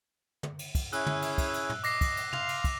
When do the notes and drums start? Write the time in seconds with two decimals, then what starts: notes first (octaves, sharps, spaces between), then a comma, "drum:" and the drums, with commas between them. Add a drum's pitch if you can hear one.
0.43 drum: tom
0.59 drum: cymbal
0.75 drum: kick, cymbal
0.93 C#4 E4 G#4 E6 F#6, drum: cymbal
1.06 drum: tom
1.22 drum: cymbal
1.38 drum: kick, cymbal
1.54 drum: cymbal
1.70 drum: tom
1.84 D#5 D6 A#6 C7, drum: cymbal
2.01 drum: kick, cymbal
2.17 drum: cymbal
2.33 F5 C6 F7, drum: tom
2.49 drum: cymbal
2.64 drum: kick, cymbal